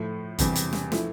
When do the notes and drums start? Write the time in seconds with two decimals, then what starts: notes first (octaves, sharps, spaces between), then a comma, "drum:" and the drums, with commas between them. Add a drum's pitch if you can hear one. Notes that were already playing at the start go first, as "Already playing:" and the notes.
Already playing: A2 F3 A3
0.39 E1 E2 C3 G3, drum: kick F#1, hi-hat
0.55 drum: hi-hat
0.73 drum: snare
0.92 F3 A3 E4, drum: snare